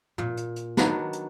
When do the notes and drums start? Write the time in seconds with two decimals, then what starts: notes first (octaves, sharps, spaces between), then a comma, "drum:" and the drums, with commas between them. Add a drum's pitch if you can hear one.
0.18 A#2, drum: tom
0.37 drum: hi-hat
0.56 drum: hi-hat
0.77 D#3 F#3 B3 D4, drum: snare
1.13 drum: hi-hat